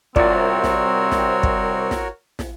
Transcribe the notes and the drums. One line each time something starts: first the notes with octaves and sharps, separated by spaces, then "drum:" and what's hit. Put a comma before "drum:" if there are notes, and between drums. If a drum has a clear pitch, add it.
C2 C4 F4 F#4 A#4 C#5 D5, drum: kick
drum: snare
drum: snare
drum: kick
drum: snare
drum: snare